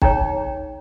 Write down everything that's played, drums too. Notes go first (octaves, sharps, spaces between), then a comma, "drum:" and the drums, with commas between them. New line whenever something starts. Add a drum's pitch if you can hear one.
D#4 G#4 C#5 G5 A#5, drum: kick